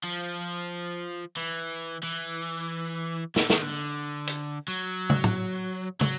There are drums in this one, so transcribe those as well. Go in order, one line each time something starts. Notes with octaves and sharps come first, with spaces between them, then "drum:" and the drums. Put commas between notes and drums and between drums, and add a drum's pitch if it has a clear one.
F3
E3
E3
D3, drum: snare
D#3, drum: snare
D3
drum: hi-hat
F#3
drum: tom
drum: tom
F#3, drum: tom